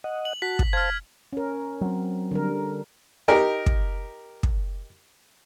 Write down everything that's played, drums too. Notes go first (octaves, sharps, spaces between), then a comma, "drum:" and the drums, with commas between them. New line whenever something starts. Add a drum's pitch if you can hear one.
D#5 F#5
F#7
F#4 F#5 A5 B6
drum: kick
C5 F5 A5 F6 G#6
C#4 A#4
F#3 C4
D3 G3 A#4
D#4 G4 A#4
drum: kick
drum: kick